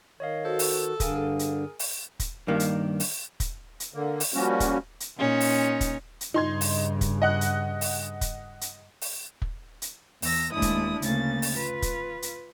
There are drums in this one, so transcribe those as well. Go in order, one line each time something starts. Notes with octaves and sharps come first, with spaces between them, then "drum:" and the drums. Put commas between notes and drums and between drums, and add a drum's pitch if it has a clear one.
D#3 C#5 D#5 F5
F#4 A4 C5
drum: open hi-hat
G2 D3 G#4 A#4 F5 G#5, drum: kick, hi-hat
drum: hi-hat
drum: open hi-hat
drum: kick, hi-hat
G2 D#3 A#3
drum: hi-hat
drum: open hi-hat
drum: kick, hi-hat
drum: hi-hat
D3 A#3
drum: open hi-hat
F3 G3 A#3 C#4 F#4
drum: kick, hi-hat
drum: hi-hat
A#2 C#4 D#4
drum: open hi-hat
drum: kick, hi-hat
drum: hi-hat
G2 C#3 D#4 C6 G#6
drum: open hi-hat
drum: kick, hi-hat
D#5 F#5 F#6
drum: hi-hat
drum: open hi-hat
drum: kick, hi-hat
drum: hi-hat
drum: open hi-hat
drum: kick
drum: hi-hat
E2 E6 A#6, drum: open hi-hat
D#2 G#3 A3 D4 E4 D#6
drum: kick, hi-hat
D2 C#3 A#3 A6, drum: hi-hat
drum: open hi-hat
F4 B4
drum: kick, hi-hat
drum: hi-hat